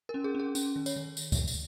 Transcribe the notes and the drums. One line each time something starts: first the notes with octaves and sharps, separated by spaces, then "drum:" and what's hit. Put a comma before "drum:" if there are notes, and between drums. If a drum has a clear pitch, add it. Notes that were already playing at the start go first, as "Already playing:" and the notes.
A#4
C#4
G#4
C#4 G#4
C#4, drum: tambourine
D#3
C#5, drum: tambourine
D#3
drum: tambourine
drum: kick C#2, tambourine
drum: tambourine